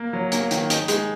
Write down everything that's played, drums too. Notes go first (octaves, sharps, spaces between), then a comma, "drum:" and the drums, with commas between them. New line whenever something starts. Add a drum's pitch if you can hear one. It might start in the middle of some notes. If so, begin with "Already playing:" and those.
Already playing: A#3
F#3
A#3, drum: hi-hat
D#3, drum: hi-hat
D#4, drum: hi-hat
G#3, drum: hi-hat